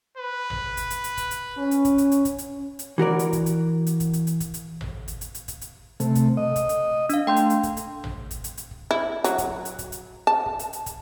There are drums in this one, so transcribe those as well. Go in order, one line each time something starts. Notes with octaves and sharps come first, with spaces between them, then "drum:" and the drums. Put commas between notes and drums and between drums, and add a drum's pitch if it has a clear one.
B4
drum: tom A1
drum: kick, hi-hat
drum: hi-hat
drum: hi-hat
drum: kick, hi-hat
drum: hi-hat
C#4
drum: hi-hat
drum: kick, hi-hat
drum: hi-hat
drum: hi-hat
drum: kick, hi-hat
drum: hi-hat
drum: hi-hat
E3 F#4 A#4 D5
drum: hi-hat
drum: kick, hi-hat
drum: hi-hat
drum: hi-hat
drum: kick, hi-hat
drum: hi-hat
drum: hi-hat
drum: kick, hi-hat
drum: hi-hat
drum: tom A1
drum: kick, hi-hat
drum: hi-hat
drum: hi-hat
drum: kick, hi-hat
drum: hi-hat
C3 A3, drum: hi-hat
drum: kick, hi-hat
D#5
drum: kick, hi-hat
drum: hi-hat
D4 F5, drum: hi-hat
A3 G5 C6 G6
drum: hi-hat
drum: hi-hat
drum: kick, hi-hat
drum: hi-hat
drum: tom A1
drum: kick, hi-hat
drum: hi-hat
drum: hi-hat
drum: kick
E4
F#3, drum: hi-hat
drum: kick, hi-hat
drum: hi-hat
drum: kick, hi-hat
drum: hi-hat
A5
drum: kick
drum: hi-hat
drum: hi-hat
drum: kick, hi-hat